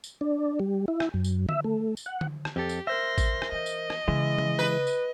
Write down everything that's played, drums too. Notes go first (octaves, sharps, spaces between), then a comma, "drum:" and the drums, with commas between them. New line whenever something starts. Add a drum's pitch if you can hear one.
drum: tambourine
D4
G3
E4
drum: rim click
F#2
drum: tambourine
E5, drum: tom D3
A3
drum: tambourine
F#5
drum: tom D3
drum: rim click
F2 G4 A4
drum: tambourine
A#4 C5 E5 C6 A#6
drum: kick A1, tambourine
drum: rim click
E3 D#5
drum: tambourine
drum: rim click
C#3 E3 G#3
drum: tom
B4
drum: tambourine